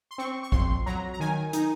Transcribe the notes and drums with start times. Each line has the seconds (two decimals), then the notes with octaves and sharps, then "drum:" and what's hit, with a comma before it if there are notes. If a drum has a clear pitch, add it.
0.11 C6
0.18 C4 C#6
0.43 C#6
0.52 F2 C6, drum: kick
0.86 F#3 A#5
1.13 A#5
1.20 D#3 G#5
1.53 D#4, drum: hi-hat